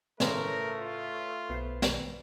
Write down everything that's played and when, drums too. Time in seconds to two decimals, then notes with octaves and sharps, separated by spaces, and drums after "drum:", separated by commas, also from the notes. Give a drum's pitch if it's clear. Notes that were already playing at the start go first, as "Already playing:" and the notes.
0.20 A2 C#3 A3 A#4 B4 C#5 C6, drum: snare
0.79 F4
1.50 B1 B3 C5 C7
1.82 drum: snare